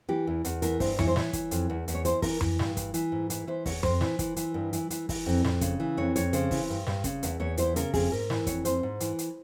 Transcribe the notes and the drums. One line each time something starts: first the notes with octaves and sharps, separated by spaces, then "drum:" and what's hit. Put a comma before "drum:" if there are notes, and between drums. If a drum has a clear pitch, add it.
E3 G4
E2
E2, drum: hi-hat
E3 A#4, drum: hi-hat
G2 C5, drum: kick, open hi-hat
E3 C#5, drum: tom F2
C5
E3 C#5, drum: snare
E3, drum: kick, hi-hat
F2, drum: hi-hat
E2
E2, drum: hi-hat
C#5
E3 C5, drum: hi-hat
E3 A#4, drum: kick, open hi-hat
E3, drum: tom F2
G2, drum: snare
E3, drum: kick, hi-hat
E3, drum: hi-hat
G#2
E3, drum: hi-hat
E3 C5
E2 C#5, drum: kick, open hi-hat
F2 C5, drum: tom F2
E3, drum: snare
E3, drum: kick, hi-hat
E3, drum: hi-hat
G2
E3, drum: hi-hat
E3, drum: hi-hat
E3, drum: kick, open hi-hat
F2
F2, drum: snare
C#3, drum: kick, hi-hat
E3
F2 C#5
F2 C#5, drum: hi-hat
C#3 C5, drum: hi-hat
E3, drum: kick, open hi-hat
G2
G2, drum: snare
C#3, drum: kick, hi-hat
E2, drum: hi-hat
E2 C#5
E3 C5, drum: hi-hat
C#3 A#4, drum: hi-hat
F2 G#4, drum: kick, open hi-hat
G#2 A#4
E3, drum: snare
F2 C#5, drum: kick, hi-hat
F2 C5, drum: hi-hat
G#2
E3, drum: hi-hat
drum: hi-hat